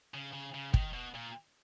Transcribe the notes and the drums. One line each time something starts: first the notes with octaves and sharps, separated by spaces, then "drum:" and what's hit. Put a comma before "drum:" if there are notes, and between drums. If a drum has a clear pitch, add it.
C#3
C#3
C#3
D#3, drum: kick
B2
A#2